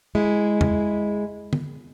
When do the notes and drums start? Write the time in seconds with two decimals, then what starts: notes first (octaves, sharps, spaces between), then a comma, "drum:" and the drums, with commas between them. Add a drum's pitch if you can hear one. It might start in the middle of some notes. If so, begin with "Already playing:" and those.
0.15 G#3 E4
0.61 drum: tom E2
1.53 drum: tom